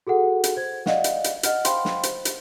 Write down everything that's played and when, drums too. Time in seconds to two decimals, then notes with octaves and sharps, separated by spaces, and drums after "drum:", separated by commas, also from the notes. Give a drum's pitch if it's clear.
0.07 F#4 G#4 A4 F#5
0.44 drum: hi-hat
0.57 C5 G#6
0.86 D5 D#5 F5 F#5, drum: snare
1.04 drum: hi-hat
1.24 drum: hi-hat
1.43 D#5 F#5 F6, drum: hi-hat
1.65 C5 F5 G5 B5 C6, drum: hi-hat
1.85 drum: snare
2.03 C5, drum: hi-hat
2.25 drum: hi-hat